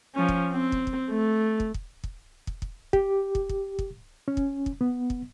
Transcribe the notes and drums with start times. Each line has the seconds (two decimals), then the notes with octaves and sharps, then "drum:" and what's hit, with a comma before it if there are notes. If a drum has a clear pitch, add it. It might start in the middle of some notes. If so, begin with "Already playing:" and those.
0.15 F3 C#4
0.29 drum: kick
0.52 C4
0.72 drum: kick
0.87 drum: kick
1.10 A3
1.60 drum: kick
1.74 drum: kick
2.04 drum: kick
2.47 drum: kick
2.62 drum: kick
2.93 G4, drum: kick
3.35 drum: kick
3.49 drum: kick
3.79 drum: kick
4.28 C#4
4.37 drum: kick
4.66 drum: kick
4.81 B3
5.10 drum: kick